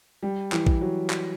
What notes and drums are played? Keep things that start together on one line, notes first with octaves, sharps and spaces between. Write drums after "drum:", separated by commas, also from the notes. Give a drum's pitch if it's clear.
G3
E3, drum: clap
drum: kick A#1
F#3
drum: clap